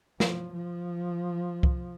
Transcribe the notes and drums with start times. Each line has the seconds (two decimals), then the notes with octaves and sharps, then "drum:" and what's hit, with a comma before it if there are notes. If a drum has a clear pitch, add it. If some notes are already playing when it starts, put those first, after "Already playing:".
0.20 F3, drum: snare
0.53 F3
1.63 drum: kick